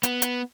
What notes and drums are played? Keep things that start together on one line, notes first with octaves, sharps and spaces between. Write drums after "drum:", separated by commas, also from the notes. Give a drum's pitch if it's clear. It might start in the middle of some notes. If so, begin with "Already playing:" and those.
B3, drum: hi-hat
drum: hi-hat